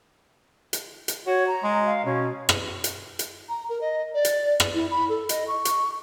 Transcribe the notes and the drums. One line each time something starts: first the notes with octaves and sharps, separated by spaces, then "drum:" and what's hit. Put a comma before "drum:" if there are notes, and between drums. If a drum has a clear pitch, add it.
drum: hi-hat
drum: hi-hat
F#4 C#5
A#5
G#3
F5
B2 C#4
drum: rim click
drum: hi-hat
drum: hi-hat
A#5
A#4
D#5
D5
drum: hi-hat
drum: rim click
E4
B5
A4
D#5, drum: hi-hat
C#6
drum: hi-hat